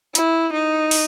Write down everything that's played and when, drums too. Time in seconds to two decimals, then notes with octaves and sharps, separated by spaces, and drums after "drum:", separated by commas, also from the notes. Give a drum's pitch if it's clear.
0.15 E4, drum: hi-hat
0.53 D#4
0.91 drum: open hi-hat